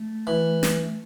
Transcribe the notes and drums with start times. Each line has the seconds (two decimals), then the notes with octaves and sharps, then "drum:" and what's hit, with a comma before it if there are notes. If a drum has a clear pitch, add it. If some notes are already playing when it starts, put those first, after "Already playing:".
Already playing: A3
0.27 E3
0.63 A3, drum: snare